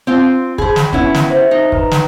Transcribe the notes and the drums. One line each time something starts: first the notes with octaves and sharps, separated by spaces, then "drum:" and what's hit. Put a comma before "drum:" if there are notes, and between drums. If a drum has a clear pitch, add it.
C4 F4
G#4 C5 B5, drum: kick
drum: snare
B3 C#4 E4, drum: kick
drum: snare
C5 E5
D#4
B4 A#5, drum: kick
drum: snare